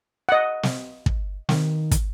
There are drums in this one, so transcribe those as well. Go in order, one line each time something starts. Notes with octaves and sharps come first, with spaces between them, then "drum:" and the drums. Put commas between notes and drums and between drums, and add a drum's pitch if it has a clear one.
D#5 F#5
drum: snare
drum: kick
D#3, drum: snare
drum: kick, hi-hat